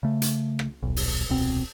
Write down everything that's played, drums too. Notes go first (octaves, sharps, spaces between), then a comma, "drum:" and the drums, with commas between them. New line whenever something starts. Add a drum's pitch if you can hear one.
C#3 A3
drum: hi-hat
drum: rim click
D#1 B1
drum: open hi-hat
D#1 C2 B2 C4